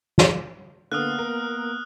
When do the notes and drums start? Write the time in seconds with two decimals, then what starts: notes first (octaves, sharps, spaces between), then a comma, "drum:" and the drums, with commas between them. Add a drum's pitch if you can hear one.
0.18 drum: snare
0.92 D3 A#3 B3 D#6 F6 F#6
1.19 A#4